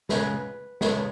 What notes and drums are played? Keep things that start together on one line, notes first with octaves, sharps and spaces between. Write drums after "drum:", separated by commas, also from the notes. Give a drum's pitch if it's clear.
C#2 C#3 G#3 B3 B4, drum: snare
C#2 C#3 G#3 B3, drum: snare